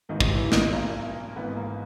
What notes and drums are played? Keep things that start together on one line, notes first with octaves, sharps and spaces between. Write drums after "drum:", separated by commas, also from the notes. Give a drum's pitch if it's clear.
G#1 G#2 D#3 E3 D#4
G4, drum: kick
E3 E4
E4
D#3 D#4, drum: snare
B1 A#2 A#3
G#1 G#2 E3 B3
A#3